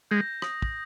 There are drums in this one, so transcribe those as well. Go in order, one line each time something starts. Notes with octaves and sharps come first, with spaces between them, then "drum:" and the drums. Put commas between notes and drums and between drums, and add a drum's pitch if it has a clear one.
G#3 G6 A#6
D#6, drum: rim click
drum: kick